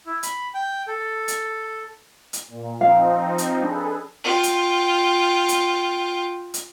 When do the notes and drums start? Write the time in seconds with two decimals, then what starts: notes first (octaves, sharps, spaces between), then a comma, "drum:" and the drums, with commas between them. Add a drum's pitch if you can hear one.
0.06 E4
0.23 B5, drum: hi-hat
0.54 G5
0.88 A4
1.28 drum: hi-hat
2.33 drum: hi-hat
2.48 A#2
2.81 F3 C4 D#4 F5
3.38 drum: hi-hat
3.61 D4 G#4 A4 B4
4.24 F4 G5
4.43 drum: hi-hat
5.49 drum: hi-hat
6.54 drum: hi-hat